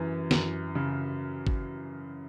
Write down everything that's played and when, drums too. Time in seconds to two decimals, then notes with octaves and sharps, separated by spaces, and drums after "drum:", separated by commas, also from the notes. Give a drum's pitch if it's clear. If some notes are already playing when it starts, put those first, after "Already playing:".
Already playing: F#2 E3
0.31 F#2, drum: snare
0.75 C#3
1.47 drum: kick